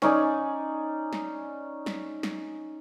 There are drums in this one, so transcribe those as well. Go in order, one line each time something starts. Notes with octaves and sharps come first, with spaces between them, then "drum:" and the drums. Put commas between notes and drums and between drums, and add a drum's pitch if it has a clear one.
C#4 D#4 D5 G#5, drum: snare
drum: snare
drum: snare
drum: snare